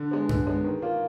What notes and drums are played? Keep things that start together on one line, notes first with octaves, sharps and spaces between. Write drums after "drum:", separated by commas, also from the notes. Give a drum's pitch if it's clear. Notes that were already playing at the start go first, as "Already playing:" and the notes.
Already playing: D3
G#3 B3
D3, drum: tom G2
G#3 B3
D#3
A#3 F4